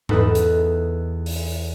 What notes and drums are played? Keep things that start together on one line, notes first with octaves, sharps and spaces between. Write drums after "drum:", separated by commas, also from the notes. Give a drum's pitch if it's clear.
E2 D#4 A4 B4 D#5, drum: tom G#2
drum: hi-hat
drum: open hi-hat